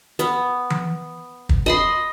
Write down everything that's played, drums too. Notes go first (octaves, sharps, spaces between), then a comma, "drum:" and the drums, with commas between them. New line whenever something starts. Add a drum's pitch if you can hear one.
B3, drum: hi-hat
drum: tom E3
drum: kick
D#5 B5 C6